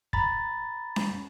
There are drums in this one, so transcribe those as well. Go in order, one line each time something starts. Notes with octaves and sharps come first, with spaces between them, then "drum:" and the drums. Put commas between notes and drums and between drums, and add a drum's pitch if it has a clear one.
A#5 B5 A6, drum: kick
drum: snare C#4